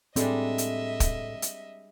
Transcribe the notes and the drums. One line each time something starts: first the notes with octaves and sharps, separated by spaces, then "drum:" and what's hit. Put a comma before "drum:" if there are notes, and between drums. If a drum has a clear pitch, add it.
A2 G3 G#3 C4 D4 A4 D#5 E5, drum: hi-hat
drum: hi-hat
drum: kick, hi-hat
drum: hi-hat